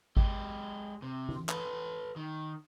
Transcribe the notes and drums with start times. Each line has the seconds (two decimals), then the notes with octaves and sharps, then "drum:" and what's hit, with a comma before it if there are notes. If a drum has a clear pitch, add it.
0.17 G#3 G4, drum: kick G#1
1.02 C3
1.29 drum: tom
1.49 A4 B4, drum: clap
2.16 D#3